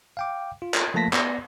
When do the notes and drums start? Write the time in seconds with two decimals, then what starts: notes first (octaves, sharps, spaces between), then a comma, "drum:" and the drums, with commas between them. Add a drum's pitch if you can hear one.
0.17 F5 G5 D6
0.62 F4
0.74 drum: clap
0.94 F3 A3 A#3 A5 A#6 B6
1.13 B3 D5 A#6, drum: clap